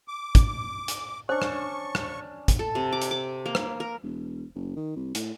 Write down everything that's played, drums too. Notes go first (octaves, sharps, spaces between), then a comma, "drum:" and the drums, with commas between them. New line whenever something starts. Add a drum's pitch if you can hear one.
D6
drum: kick, hi-hat
drum: hi-hat
C#4 D4 C5 C#6
drum: rim click
drum: rim click
drum: kick, hi-hat
A4
C3
D6
drum: hi-hat
D6
A#3
drum: rim click
A#4
E1
F#1
D#3
C2
A2, drum: hi-hat